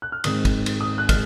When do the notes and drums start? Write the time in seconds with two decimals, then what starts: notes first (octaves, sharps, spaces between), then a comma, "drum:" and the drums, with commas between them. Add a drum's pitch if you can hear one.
0.02 F#6
0.12 F6
0.24 G#2 D#3 G#3 C4 D#6, drum: cymbal
0.45 drum: kick, cymbal
0.66 drum: cymbal
0.81 D#6
0.98 F#6
1.09 D#3 G#3 F6, drum: kick, cymbal